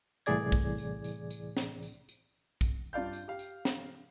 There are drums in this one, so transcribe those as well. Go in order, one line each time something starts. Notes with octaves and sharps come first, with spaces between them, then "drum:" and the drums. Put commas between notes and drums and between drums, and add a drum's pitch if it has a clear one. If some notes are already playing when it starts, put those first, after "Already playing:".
C2 A2 E3 G#4 D5 G#6, drum: tambourine
drum: kick, tambourine
drum: tambourine
drum: tambourine
drum: tambourine
drum: snare
drum: tambourine
drum: tambourine
drum: kick, tambourine
G2 F4 D5 F5 G6
drum: tambourine
G4 F5
drum: tambourine
drum: snare